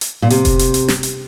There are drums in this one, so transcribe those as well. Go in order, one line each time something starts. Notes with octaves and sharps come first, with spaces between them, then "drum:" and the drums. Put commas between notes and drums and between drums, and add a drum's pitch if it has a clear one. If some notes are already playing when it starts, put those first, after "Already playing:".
drum: hi-hat
A#2
C3, drum: hi-hat
drum: kick F1, hi-hat
drum: hi-hat
drum: hi-hat
drum: snare
drum: hi-hat